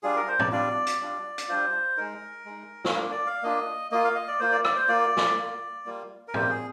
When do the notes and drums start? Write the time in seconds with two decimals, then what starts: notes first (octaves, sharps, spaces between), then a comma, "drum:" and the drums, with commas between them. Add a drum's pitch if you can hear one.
0.03 G3 D4 F4 G#4
0.16 A#4
0.28 C5
0.39 D5, drum: tom A2
0.52 G3 D4 F4 D5
0.87 drum: hi-hat
1.00 G3 D4 F4
1.38 drum: hi-hat
1.49 G3 D4 F4 C5
1.97 G#3 D#4 A#4
2.45 G#3 D#4
2.85 drum: snare
2.94 A#3 D4 F4
3.11 D5
3.27 F5
3.43 A#3 D4 F4 D#5
3.91 A#3 F4 D#5
4.04 F5
4.16 D#5
4.28 D5
4.40 A#3 F4 C5
4.52 D5
4.64 D5, drum: rim click
4.76 C5
4.88 A#3 F4 D5
5.17 drum: snare
5.37 A#3 F4
5.86 G3 A#3 F4
6.28 A#4
6.34 G3 A#3 F4 C5, drum: tom A2
6.50 G#4